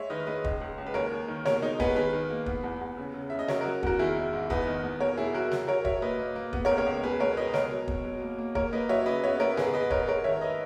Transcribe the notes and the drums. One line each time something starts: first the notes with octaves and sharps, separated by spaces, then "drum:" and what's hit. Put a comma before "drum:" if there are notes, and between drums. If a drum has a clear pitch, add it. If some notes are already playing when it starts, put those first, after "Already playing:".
Already playing: G#3 C#5 E5
D#3 B4 D#5
G#3 B4 D#5
C#2, drum: kick
C#2
C#2
B4
D#2 A#4 C#5
D#2
D#3
B2 A#4 C#5, drum: snare
G#3 D#4
B3 G#4 B4, drum: kick
D#3 G#4 B4
D#3
A#3
B3, drum: kick
E2
E2
C#3
C#3
C#3 E5
D#5
F#3 A#4 C#5, drum: snare
F#3 F#4 A#4
E2 F#4 A#4, drum: kick
D#3 E4 G#4
D#3
G#2
E2 B4 D#5, drum: kick
D#3
E2
B2 A#4 C#5
B2 E4 G#4
F#3 F#4 A#4
F#3, drum: snare
F#3 A#4 C#5
F#3 C#5 E5, drum: kick
A#2 B4 D#5
A#3
A#3
B3, drum: kick
A#4 C#5
C#2
A#4 C#5
C#2
B2 G#4 B4
B2 A#4 C#5
G#3 B4 D#5
B2 A#4 C#5, drum: snare
F#3
B2, drum: kick
F#3
A#3
A#3
A#3 A#4 C#5, drum: kick
A#3 B4 D#5
F#3 C#5 E5
C#3 B4 D#5
B3 C#5 E5
B3 A#4 C#5
G#2 G#4 B4, drum: snare
G#2 B4 D#5
G#2 A#4 C#5, drum: kick
G#3 A#4 C#5
D#3 C#5 E5
B4 D#5